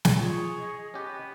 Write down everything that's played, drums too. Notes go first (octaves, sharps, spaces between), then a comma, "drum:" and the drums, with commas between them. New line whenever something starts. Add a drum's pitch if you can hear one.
drum: snare
F4 G#4 C#5 D#6
D#5
B3 C#4 G4